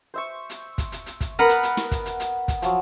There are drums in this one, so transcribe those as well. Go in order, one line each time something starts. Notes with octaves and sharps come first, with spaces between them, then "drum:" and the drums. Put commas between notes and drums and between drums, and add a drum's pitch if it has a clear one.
C5 E5 C#6
drum: hi-hat
drum: kick, hi-hat
drum: hi-hat
drum: hi-hat
drum: kick, hi-hat
B3 A#4 B4 F#5
drum: hi-hat
drum: hi-hat
drum: snare
drum: kick, hi-hat
drum: hi-hat
drum: hi-hat
drum: kick, hi-hat
F3 F#3, drum: hi-hat